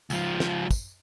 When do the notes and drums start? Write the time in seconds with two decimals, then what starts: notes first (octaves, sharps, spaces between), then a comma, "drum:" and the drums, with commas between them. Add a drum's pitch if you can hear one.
0.10 C#2 F3, drum: tambourine
0.40 drum: snare
0.71 drum: kick, tambourine